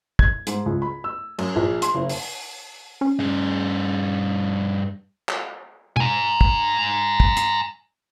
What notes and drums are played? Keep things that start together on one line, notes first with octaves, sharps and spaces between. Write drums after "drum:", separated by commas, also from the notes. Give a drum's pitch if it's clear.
G#6, drum: kick
G#2, drum: hi-hat
C#2
B5
E6
F#2, drum: cymbal
A#1
C6, drum: hi-hat
F#1
drum: open hi-hat
C#4
G2 G#4
drum: clap
G#5 A#5, drum: tom B2
drum: kick
drum: kick
drum: hi-hat